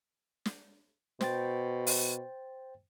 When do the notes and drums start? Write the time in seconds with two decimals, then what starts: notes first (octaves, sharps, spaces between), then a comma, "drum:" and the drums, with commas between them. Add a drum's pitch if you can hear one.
0.46 drum: snare
1.21 B2 C5 G5 A6, drum: snare
1.87 drum: open hi-hat